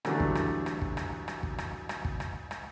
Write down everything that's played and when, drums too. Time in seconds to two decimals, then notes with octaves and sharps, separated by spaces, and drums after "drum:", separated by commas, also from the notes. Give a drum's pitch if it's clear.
0.05 D3 E3 F#3 G3 A3 D4, drum: rim click
0.20 drum: kick
0.35 drum: rim click
0.66 drum: rim click
0.82 drum: kick
0.97 drum: rim click
1.28 drum: rim click
1.43 drum: kick
1.58 drum: rim click
1.89 drum: rim click
2.05 drum: kick
2.20 drum: rim click
2.51 drum: rim click